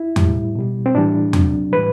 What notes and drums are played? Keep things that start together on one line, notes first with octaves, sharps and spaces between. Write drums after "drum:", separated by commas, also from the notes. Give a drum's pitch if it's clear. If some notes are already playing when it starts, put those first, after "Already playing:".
Already playing: E4
A2 G3, drum: tom E2
B2 G3
C4
A2 E3 G3 D4
C3 F#3, drum: tom E2
A2 E3 G3 B4